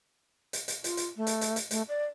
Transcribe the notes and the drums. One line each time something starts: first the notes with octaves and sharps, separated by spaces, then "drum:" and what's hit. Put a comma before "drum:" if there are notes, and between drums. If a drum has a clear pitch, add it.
drum: hi-hat
drum: hi-hat
F4, drum: hi-hat
drum: hi-hat
A3
drum: hi-hat
drum: hi-hat
drum: hi-hat
A3, drum: hi-hat
D5